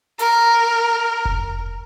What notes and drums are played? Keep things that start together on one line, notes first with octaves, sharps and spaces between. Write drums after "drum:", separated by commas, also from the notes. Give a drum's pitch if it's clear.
A#4, drum: hi-hat
drum: kick F1